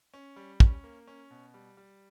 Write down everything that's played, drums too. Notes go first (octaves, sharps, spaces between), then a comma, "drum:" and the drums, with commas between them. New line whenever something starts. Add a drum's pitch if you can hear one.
C#4
G3
C#4, drum: kick
A#3
C#4
B2
G3
G3